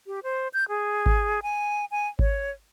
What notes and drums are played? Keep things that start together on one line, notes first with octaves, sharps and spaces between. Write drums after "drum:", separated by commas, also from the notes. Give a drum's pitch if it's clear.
G4
C5
G6
G#4
drum: kick G#1
G#5
G#5
C#5, drum: kick G#1